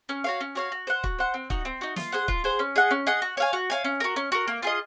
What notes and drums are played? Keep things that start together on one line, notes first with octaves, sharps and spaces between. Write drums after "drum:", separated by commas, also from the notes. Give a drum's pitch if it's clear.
C#4
F#4 C#5 F5
C#4
F#4 C#5 F5
F#4
C5 F#5
F#4, drum: kick
C5 F#5
C4
D#4 F#4, drum: kick
C4
D#4 F#4
F4, drum: snare
G#4 C5 F#5
F4, drum: kick
G#4 C5 F#5
C#4
G#4 D#5 F#5
C#4
G#4 D#5 F#5
F#4
C#5 F5 G#5
F#4
C#5 F5 G#5
C#4
F#4 A#4
C#4
F#4 A#4
A#3
F4 G#4 D#5